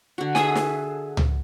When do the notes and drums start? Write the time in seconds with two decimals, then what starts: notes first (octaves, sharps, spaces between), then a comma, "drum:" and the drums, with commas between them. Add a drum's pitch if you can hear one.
0.18 D3 F#4
0.35 G#4 A4 E5 G#5 B5, drum: snare
0.55 drum: snare
1.17 drum: tom C#2